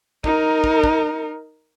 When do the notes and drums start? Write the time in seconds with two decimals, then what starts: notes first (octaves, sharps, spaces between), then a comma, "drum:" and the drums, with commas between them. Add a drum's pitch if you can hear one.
0.24 D#4 A#4, drum: kick
0.64 drum: kick
0.84 drum: kick